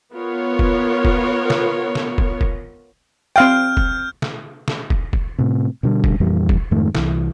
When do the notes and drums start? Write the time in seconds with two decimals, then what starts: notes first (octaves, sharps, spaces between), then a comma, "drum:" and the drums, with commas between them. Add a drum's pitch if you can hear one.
0.14 B3 F4 A#4 C#5
0.59 drum: kick
1.05 drum: kick
1.50 drum: snare
1.95 drum: snare
2.18 drum: kick
2.41 drum: kick
3.36 C4 F5 G5 F6 G6
3.77 drum: kick
4.22 drum: snare
4.68 drum: snare
4.90 drum: kick
5.13 drum: kick
5.39 A2 C3
5.83 B2 D3 G3
6.04 drum: kick
6.20 F2 A#2 E3 G3
6.49 drum: kick
6.71 F2 G#2 D#3 A3
6.95 C2 E3, drum: snare